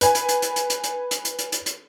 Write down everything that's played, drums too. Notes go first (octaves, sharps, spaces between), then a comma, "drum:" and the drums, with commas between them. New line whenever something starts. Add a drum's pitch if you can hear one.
B4 G#5, drum: hi-hat
drum: hi-hat
drum: hi-hat
drum: hi-hat
drum: hi-hat
drum: hi-hat
drum: hi-hat
drum: hi-hat
drum: hi-hat
drum: hi-hat
drum: hi-hat
drum: hi-hat